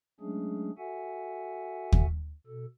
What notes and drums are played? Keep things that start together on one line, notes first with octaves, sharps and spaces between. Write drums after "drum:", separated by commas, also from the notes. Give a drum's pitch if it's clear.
F#3 G#3 A3 C#4 D4 G#4
F#4 A4 E5 F#5 G#5
drum: kick
B2 A4